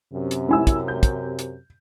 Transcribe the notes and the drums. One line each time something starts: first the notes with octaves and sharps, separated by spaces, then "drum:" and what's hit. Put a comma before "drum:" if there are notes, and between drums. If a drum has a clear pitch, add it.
F#2 C3
drum: hi-hat
E4 G#5 E6
drum: kick, hi-hat
G6
drum: kick, hi-hat
drum: hi-hat